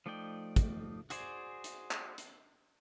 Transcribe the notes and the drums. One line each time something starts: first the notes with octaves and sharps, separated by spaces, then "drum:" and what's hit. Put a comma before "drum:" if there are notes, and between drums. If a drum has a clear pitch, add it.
F3 A3 D#4 D5 G5
drum: kick, hi-hat
F#4 G#4 C5 D5 G#5, drum: hi-hat
drum: hi-hat
drum: clap
drum: hi-hat